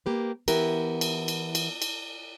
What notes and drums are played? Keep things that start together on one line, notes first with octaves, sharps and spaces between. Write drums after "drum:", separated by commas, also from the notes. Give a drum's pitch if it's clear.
A#3 G4 B4
E3 B3 E4 G4 A#4, drum: cymbal
drum: cymbal
drum: cymbal
drum: cymbal
drum: cymbal